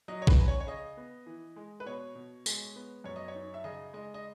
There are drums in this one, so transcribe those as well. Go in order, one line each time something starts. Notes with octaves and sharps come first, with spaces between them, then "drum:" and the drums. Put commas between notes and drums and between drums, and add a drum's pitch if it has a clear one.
F#3 D#5
C#5
B4, drum: kick
C#4
C#5
C#5
C#3 D#5
B3
E3
G#3
B4
B2 C#5
B2
G#3, drum: tambourine
B3
F#2 C#5
D#5
C#5
D#4
E5
C#3 D#5
G#3 D#5
D#5